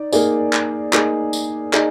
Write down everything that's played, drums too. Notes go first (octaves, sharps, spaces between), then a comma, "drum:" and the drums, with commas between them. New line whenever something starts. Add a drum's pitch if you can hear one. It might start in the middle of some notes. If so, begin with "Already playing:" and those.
Already playing: D#4 D5
A#3 D#4 G#4 D5, drum: tambourine
drum: clap
A#3 D#4 G#4 D5, drum: clap
drum: tambourine
D#4 G#4 D5, drum: clap